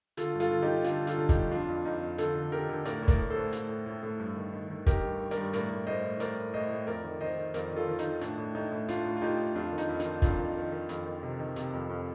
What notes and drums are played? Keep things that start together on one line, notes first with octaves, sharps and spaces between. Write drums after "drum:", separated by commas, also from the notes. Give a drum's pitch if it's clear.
D3 F4 A4, drum: hi-hat
G2
F4 A4, drum: hi-hat
D3
D#4 G4
D3
D3 D4 F4, drum: hi-hat
D3
F4 A4, drum: hi-hat
D3
D#4 G4, drum: kick, hi-hat
G2
F2 D4 F4
F2
F2 D#4
F2
D3 F4 A4, drum: hi-hat
D3
D3 G4 A#4
D3
A2 A#4 D5, drum: hi-hat
A2
A#4 D5, drum: kick, hi-hat
A2
A4 C5
A2
A2, drum: hi-hat
A2
A2
A2
G2
D#3
D#3
D#3
D#3 G4 A#4, drum: kick, hi-hat
G2
D#3
A#4 D5, drum: hi-hat
G2
A2 A#4 D5, drum: hi-hat
A2
A2 C5 D#5
A2
A2 A#4 D5, drum: hi-hat
A2
A2 C5 D#5
A2
F2 A#4 D5
D#3
D#3 C5 D#5
D#3
F2 A#4 D5, drum: hi-hat
D#3
F4 A4
D#3
D#4, drum: hi-hat
D#3
A2 D4, drum: hi-hat
A2
A2 D#4
A2
A2 D4 F4, drum: hi-hat
A2
F4
A2 D#4 G4
A2
F2 D4 F4
D#3
D#4, drum: hi-hat
F2
D4 F4, drum: hi-hat
D#3
F2 D4 F4, drum: kick, hi-hat
D#3
D#3
D#3
F2, drum: hi-hat
D#3
C3
D#3
C3, drum: hi-hat
F2
F2